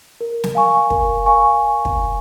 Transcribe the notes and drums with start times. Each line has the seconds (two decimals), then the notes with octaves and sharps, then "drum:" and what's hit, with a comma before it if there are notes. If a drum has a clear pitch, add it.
0.21 A#4
0.44 drum: snare
0.55 F5 G#5 C#6
0.90 A#4, drum: kick
1.26 F5 G#5 C#6
1.85 drum: kick